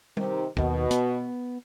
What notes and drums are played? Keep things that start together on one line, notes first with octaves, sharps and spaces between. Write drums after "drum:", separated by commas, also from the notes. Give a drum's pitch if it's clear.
C3 D#3, drum: tom
D#2 B2 D#3, drum: kick
B3, drum: hi-hat